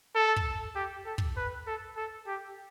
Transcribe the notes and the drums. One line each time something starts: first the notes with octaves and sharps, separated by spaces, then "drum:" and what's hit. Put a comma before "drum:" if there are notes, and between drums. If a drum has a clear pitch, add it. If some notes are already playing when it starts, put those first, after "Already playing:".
A4
drum: kick
G4
A4
drum: kick
B4
A4
A4
G4